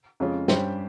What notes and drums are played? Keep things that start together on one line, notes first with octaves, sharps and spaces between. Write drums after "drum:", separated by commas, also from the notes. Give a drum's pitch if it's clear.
F2 C#3 G#3 C#4 F4
G2 G3 C#4 G4 C5, drum: snare